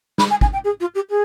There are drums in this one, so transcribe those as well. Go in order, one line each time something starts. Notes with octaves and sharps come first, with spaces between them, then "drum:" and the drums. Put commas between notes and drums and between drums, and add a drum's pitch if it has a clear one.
B5, drum: snare
G#5
G#5, drum: kick
G5
G#4
F4
G4
G#4